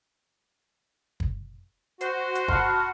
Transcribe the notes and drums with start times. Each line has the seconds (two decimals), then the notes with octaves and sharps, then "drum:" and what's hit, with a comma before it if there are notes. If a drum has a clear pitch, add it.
1.20 drum: kick
2.01 F#4 C5, drum: hi-hat
2.35 drum: hi-hat
2.48 F#5 A5 B5 C6 F6, drum: kick